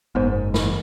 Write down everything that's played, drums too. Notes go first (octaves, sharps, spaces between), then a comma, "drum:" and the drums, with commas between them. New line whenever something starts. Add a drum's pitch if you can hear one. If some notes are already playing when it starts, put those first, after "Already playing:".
F#1 G#2 B3 C5
B5, drum: snare